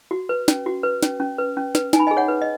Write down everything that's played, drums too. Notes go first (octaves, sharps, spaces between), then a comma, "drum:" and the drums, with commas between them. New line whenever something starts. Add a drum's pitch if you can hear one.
F#4
B4
C#4, drum: snare
F#4
B4
C#4, drum: snare
C#4
B4
C#4
B4, drum: snare
D#4 G#5, drum: snare
B5
D#5 G#5
G#4
C#5 F#5
B4
D#5